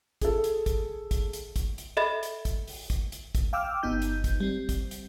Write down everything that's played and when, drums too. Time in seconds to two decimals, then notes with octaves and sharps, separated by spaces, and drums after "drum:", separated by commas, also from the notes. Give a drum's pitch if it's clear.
0.21 G#4 A4, drum: kick, hi-hat
0.44 drum: hi-hat
0.66 drum: kick, hi-hat
1.11 drum: kick, hi-hat
1.33 drum: hi-hat
1.56 drum: kick, hi-hat
1.78 drum: hi-hat
1.97 A4 D#5 E5 B5 A6
2.23 drum: hi-hat
2.45 drum: kick, hi-hat
2.68 drum: open hi-hat
2.90 drum: kick, hi-hat
3.12 drum: hi-hat
3.35 drum: kick, hi-hat
3.53 F5 G5 D6 E6 F6
3.83 G1 B3 D#4 G6
4.02 drum: hi-hat
4.24 drum: kick, hi-hat
4.40 G3 C4
4.69 drum: kick, hi-hat
4.91 drum: hi-hat